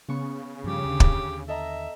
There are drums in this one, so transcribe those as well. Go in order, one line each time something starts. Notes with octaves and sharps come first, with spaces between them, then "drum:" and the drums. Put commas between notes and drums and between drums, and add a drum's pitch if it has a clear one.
C#3 B3 C#6
G2 F3 G3 G4
D#2 D3
drum: kick
A4 D#5 E5 A#5